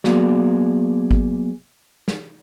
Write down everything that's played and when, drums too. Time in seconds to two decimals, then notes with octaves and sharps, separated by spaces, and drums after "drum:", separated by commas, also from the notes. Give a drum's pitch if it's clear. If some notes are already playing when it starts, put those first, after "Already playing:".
0.04 F#3 A#3 B3 F#4 G#4 D5, drum: snare
1.11 drum: kick G#1
2.08 drum: snare